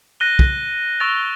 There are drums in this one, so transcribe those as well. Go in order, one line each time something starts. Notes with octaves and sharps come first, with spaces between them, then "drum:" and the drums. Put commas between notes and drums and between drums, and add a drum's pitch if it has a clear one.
F#6 A#6 D#7 G7
drum: kick
C#6 E6 A6 D7 F7